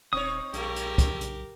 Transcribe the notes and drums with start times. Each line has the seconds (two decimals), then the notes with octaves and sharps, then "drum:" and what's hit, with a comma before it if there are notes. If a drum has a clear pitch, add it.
0.13 D#1 C4 D#4 C#5 D#6
0.53 B1 A#2 G#3 G4 A#4, drum: hi-hat
0.76 drum: hi-hat
0.98 drum: kick, hi-hat
1.21 drum: hi-hat